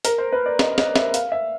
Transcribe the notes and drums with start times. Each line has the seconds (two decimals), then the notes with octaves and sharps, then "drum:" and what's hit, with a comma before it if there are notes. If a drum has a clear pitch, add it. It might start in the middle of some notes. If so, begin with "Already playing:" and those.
0.05 A#4, drum: hi-hat
0.18 C5
0.32 B4
0.46 D5
0.59 D#5, drum: snare
0.78 D#5, drum: snare
0.96 E5, drum: snare
1.14 F5, drum: hi-hat
1.32 E5